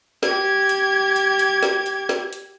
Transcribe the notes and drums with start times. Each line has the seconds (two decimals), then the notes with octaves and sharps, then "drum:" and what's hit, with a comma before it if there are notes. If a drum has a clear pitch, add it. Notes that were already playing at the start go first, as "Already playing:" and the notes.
0.23 G4 G#6, drum: snare
0.69 drum: hi-hat
1.16 drum: hi-hat
1.39 drum: hi-hat
1.63 drum: snare
1.86 drum: hi-hat
2.09 drum: snare
2.33 drum: hi-hat